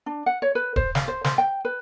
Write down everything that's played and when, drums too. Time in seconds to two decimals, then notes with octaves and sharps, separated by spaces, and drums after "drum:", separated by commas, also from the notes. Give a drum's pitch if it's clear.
0.06 D4
0.26 F#5
0.42 C#5
0.55 B4
0.76 C5, drum: kick D1
0.95 F5, drum: snare
1.08 C5
1.24 C5, drum: snare
1.38 G5
1.65 B4